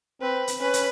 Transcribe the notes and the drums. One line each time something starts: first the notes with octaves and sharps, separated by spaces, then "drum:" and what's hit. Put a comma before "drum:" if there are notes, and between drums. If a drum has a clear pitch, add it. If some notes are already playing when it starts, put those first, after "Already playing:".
C4 B4
drum: hi-hat
C#4 B4
drum: hi-hat